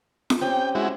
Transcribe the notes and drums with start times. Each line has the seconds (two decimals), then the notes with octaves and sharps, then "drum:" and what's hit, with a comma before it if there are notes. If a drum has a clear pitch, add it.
0.30 drum: snare F4
0.41 C4 C#4 G4 G5
0.75 G#3 E4 F#4